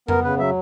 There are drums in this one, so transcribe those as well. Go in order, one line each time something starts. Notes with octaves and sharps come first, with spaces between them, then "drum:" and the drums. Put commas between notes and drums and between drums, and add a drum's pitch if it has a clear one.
B3 A#4, drum: tom F2
C#3 B4
F#3 E5